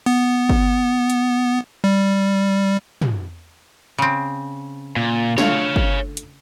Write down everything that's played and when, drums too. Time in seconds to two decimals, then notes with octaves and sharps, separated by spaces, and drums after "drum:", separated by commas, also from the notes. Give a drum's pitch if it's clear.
0.06 B3, drum: cymbal
0.49 drum: kick
1.10 drum: hi-hat
1.84 G3
3.01 drum: tom
3.98 C#3 C4
4.96 A#2
5.38 D3 A3 F4 C#5 F5, drum: snare
5.76 drum: kick
6.17 drum: hi-hat